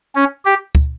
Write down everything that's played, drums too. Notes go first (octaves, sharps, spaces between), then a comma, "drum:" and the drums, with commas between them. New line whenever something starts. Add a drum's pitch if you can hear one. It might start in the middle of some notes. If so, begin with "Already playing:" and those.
C#4
G4
drum: kick